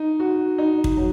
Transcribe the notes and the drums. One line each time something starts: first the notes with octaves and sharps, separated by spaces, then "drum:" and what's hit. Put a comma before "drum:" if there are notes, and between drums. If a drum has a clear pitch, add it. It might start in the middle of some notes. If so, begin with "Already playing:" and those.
Already playing: D#4
F#4
D#4
drum: kick
F#3